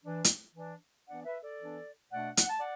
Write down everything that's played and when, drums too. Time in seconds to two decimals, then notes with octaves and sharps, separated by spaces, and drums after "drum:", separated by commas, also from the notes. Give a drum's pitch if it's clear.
0.04 E3 D4
0.24 drum: hi-hat
0.55 E3 D4
1.08 E3 B3 D4 D5 F#5
1.25 B4 E5
1.43 A4 D5
1.60 E3 B3 D4
2.12 B2 A3 D4 D5 F#5
2.37 F#5, drum: hi-hat
2.49 A5
2.60 D5 F#5